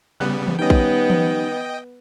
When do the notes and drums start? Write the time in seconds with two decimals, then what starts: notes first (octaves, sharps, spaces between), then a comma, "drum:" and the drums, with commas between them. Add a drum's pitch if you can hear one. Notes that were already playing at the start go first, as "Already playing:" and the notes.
0.20 C#3 G3 B3 F#6
0.48 drum: tom E3
0.59 D#3 G3 B3 C#4 D#5 G5
0.70 drum: kick
1.10 drum: tom E3